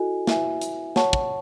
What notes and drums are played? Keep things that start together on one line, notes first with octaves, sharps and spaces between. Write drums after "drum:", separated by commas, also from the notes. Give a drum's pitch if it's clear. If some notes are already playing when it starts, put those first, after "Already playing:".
Already playing: E4 F#4 A4 D#5 G#5
E4 B4 E5 G#5, drum: snare
drum: hi-hat
C#5 F#5 A5 C#6, drum: snare
drum: kick